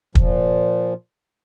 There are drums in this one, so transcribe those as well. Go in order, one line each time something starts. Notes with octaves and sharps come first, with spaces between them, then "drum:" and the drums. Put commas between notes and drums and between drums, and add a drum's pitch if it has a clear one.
A#2 F3, drum: kick